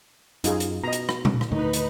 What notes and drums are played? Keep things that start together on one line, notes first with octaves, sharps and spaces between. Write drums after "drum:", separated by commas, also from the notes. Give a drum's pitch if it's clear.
F#2 D#4 F4 G#4, drum: hi-hat
drum: hi-hat
B2 D#5 A#5
drum: hi-hat
drum: rim click
drum: tom A#2
drum: rim click
D2 A2 D#3 D#4 B4
drum: hi-hat